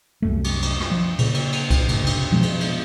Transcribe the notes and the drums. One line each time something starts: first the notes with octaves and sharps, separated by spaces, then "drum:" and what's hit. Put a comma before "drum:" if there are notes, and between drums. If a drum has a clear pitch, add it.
C2 F#2 A3
drum: cymbal
drum: cymbal
drum: rim click
F3
A#2 C#3, drum: cymbal
drum: cymbal
drum: cymbal
drum: kick C2, cymbal
F1 A2 C#3, drum: cymbal
drum: cymbal
B2 F3 G#3 B3
drum: cymbal
drum: cymbal